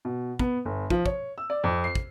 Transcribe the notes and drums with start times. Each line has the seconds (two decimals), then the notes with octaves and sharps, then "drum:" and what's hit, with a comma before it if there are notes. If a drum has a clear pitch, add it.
0.05 B2
0.39 B3, drum: kick
0.65 G1
0.90 F3, drum: kick
1.06 C#5, drum: kick
1.38 E6
1.50 D5
1.64 F2
1.84 C7
1.95 drum: kick